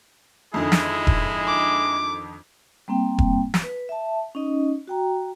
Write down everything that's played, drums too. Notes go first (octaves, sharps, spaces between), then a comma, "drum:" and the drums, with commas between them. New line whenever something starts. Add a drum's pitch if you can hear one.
F2 D3 D#3 G#3 E4 G#4
drum: snare
drum: kick E1
D6
G3 A#3 C4 G5
drum: kick E1
drum: snare
B4
E5 A5
C#4 D#4 D#5
F#4 G5 A#5